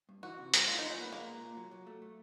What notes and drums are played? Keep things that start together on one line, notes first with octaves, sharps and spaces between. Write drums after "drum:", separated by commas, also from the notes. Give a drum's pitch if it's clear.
G2
E3 F#4
C3
G3, drum: hi-hat
A2 F4
F3 D#4
C#4
A#3 B3
G#3 A#3
A#2
A#2
F#3
F#3
A3
A3